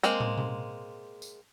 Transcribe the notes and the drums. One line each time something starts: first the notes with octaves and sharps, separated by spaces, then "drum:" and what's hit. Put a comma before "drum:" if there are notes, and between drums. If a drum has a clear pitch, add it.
G#3 A#3 C4, drum: hi-hat
drum: tom
drum: tom B2
drum: tambourine